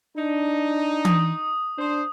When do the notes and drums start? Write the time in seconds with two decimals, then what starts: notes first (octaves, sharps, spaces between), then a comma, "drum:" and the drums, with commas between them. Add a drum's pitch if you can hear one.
0.17 D4 D#4
1.05 D#6, drum: tom E3
1.78 D4 C5